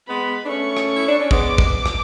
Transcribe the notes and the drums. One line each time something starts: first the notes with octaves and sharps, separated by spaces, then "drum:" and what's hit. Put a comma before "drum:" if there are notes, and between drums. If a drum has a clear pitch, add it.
G#3 B3 B5
D4
A3 C#4 C#6
drum: rim click
E4
D4
C#4
G#3 B3 D6, drum: kick
drum: kick
drum: rim click